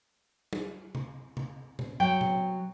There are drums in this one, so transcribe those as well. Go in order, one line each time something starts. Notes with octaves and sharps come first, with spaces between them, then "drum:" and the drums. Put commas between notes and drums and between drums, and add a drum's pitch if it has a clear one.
drum: tom F#3
drum: tom C3
drum: tom C3
drum: tom B2
F#3 G5
drum: tom B2